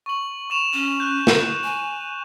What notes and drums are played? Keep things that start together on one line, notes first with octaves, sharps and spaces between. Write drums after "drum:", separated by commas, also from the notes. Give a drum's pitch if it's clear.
C#6 F#7
C#6 E7 F7
C#4
F#6 G6
drum: snare
G#5